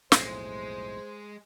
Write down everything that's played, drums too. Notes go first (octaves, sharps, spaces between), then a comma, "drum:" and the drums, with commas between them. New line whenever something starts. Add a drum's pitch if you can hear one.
B1 F2 A2 G#3 C5, drum: snare